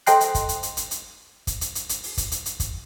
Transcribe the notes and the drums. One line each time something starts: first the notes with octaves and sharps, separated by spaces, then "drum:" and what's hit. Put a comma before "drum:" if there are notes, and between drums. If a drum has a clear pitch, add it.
A4 C5 D#5 G5 C6 F#6, drum: hi-hat
drum: hi-hat
drum: kick, hi-hat
drum: hi-hat
drum: hi-hat
drum: hi-hat
drum: hi-hat
drum: kick, hi-hat
drum: hi-hat
drum: hi-hat
drum: hi-hat
drum: open hi-hat
drum: kick, hi-hat
drum: hi-hat
drum: hi-hat
drum: kick, hi-hat